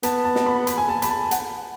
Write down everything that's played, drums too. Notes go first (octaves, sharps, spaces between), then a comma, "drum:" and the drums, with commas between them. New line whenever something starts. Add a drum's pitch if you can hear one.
B3 A5, drum: hi-hat
A5
drum: snare
B5
B5, drum: hi-hat
G#5
A5
B5, drum: hi-hat
A5
F#5, drum: hi-hat